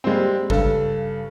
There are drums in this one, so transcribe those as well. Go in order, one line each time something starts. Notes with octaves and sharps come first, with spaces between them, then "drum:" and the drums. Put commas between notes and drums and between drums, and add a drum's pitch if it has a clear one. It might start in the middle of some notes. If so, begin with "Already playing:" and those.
G3 G#3 A#3 C4
G2 C#3 A4, drum: kick G#1